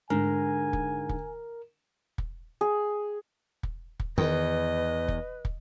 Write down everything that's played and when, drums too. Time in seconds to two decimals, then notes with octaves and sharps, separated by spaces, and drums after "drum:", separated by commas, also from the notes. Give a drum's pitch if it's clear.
0.10 G#2 D3 A#4 G#5
0.73 drum: kick
1.09 drum: kick
2.18 drum: kick
2.61 G#4
3.63 drum: kick
4.00 drum: kick
4.18 E2 D#3 B4 D#5
5.08 drum: kick
5.45 drum: kick